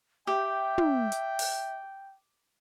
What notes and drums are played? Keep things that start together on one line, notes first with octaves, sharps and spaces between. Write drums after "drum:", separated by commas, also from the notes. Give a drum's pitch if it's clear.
G4 E5 G5
drum: tom
drum: hi-hat
drum: open hi-hat